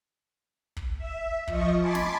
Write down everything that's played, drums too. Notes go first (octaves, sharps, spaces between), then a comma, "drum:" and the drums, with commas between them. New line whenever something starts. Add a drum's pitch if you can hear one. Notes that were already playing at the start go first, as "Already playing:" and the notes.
drum: kick
E5
F3 D#5 C#6, drum: kick
G#5 A5 B5 C6 D6
drum: snare